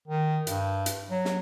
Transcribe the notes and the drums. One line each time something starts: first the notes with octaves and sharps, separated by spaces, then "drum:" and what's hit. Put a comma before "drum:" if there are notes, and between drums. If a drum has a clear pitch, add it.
D#3
G2, drum: hi-hat
drum: hi-hat
F#3
drum: snare